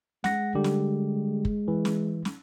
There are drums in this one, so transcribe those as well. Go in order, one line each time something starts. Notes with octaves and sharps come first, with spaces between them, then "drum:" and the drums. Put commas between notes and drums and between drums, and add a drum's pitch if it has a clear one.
G#3 F#5 A#6, drum: snare
D3 G3 G4
drum: snare
drum: kick
E3
drum: snare
drum: snare